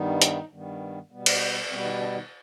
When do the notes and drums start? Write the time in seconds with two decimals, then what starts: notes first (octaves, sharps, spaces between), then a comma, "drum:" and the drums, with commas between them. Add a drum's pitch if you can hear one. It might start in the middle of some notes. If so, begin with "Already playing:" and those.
Already playing: G2 D#3 G3 B3 D#4
0.22 drum: hi-hat
0.51 G2 D#3 G3 B3
1.11 B2 G3 B3
1.26 drum: cymbal
1.70 B2 G3 B3 C4
1.84 D#3 D#4
1.99 D3 D4
2.15 D#3 D#4